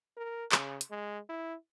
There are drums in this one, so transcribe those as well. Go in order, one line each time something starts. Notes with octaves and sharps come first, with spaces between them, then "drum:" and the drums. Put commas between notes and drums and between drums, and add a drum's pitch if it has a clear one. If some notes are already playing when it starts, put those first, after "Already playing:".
A#4
C#3, drum: clap
drum: hi-hat
G#3
E4